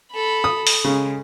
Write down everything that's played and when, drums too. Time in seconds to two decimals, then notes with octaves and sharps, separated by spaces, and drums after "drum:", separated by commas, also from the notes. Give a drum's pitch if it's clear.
0.12 A4 B5
0.44 D#6
0.67 drum: open hi-hat
0.84 C#3 G#3